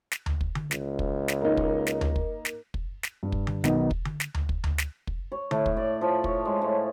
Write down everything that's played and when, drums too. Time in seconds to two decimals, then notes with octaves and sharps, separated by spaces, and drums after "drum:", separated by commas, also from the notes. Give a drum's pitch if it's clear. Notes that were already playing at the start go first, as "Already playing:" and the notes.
0.11 drum: snare
0.26 drum: tom D2
0.41 drum: kick
0.55 drum: tom D3
0.71 C#2, drum: snare
0.99 drum: kick
1.28 drum: snare
1.41 A#3 D#4
1.57 drum: kick
1.87 drum: snare
2.01 drum: tom D2
2.16 drum: kick
2.45 drum: snare
2.74 drum: kick
3.03 drum: snare
3.23 G2
3.32 drum: kick
3.47 drum: tom D3
3.64 B1 B2 D#3 B3 D#4, drum: snare
3.91 drum: kick
4.05 drum: tom D3
4.20 drum: snare
4.34 drum: tom D2
4.49 drum: kick
4.64 drum: tom D2
4.78 drum: snare
5.07 drum: kick
5.32 C#5
5.51 A2, drum: tom D3
5.66 drum: kick
5.77 D5
6.01 F3
6.24 C#5, drum: kick
6.45 G#3
6.62 A2